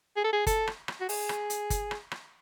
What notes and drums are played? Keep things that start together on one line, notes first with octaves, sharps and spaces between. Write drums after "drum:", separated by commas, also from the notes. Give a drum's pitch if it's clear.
G#4
A4
G#4
A4, drum: kick G1, hi-hat
drum: rim click
drum: rim click
F#4
G#4, drum: open hi-hat
drum: rim click
drum: hi-hat
drum: kick G1, hi-hat
drum: rim click
drum: rim click